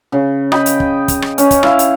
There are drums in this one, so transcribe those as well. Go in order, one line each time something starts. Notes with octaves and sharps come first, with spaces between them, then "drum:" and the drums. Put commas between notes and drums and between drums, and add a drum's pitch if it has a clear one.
C#3
D#5 G5 B5, drum: rim click
drum: hi-hat
drum: kick
drum: kick, hi-hat
drum: rim click
C#4, drum: hi-hat
drum: kick, hi-hat
E4 F5, drum: rim click
drum: hi-hat